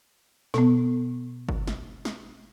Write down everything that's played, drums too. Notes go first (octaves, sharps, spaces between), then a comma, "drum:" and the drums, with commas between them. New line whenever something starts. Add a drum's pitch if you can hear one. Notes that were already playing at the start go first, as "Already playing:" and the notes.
B2 B3, drum: snare
drum: kick
drum: snare
drum: snare